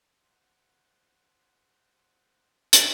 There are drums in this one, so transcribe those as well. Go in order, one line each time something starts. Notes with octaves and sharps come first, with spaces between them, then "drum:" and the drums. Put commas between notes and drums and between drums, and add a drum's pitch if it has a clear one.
C5 F#5
drum: hi-hat